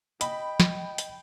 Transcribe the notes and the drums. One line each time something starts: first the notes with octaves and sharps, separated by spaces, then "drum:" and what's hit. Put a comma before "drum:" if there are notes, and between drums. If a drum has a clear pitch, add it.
D#5 G5 B5, drum: hi-hat
drum: snare
drum: hi-hat